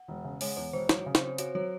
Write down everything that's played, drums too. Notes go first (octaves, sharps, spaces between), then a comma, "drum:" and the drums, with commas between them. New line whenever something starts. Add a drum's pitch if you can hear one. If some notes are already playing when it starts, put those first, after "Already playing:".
Already playing: F#5
E1
C#3
G#3 C#5, drum: open hi-hat
E2 C#5
E1 C5
F#3 C#5, drum: snare
C#3
C5, drum: snare
C4
F#4 C#5, drum: hi-hat
F#3 C#5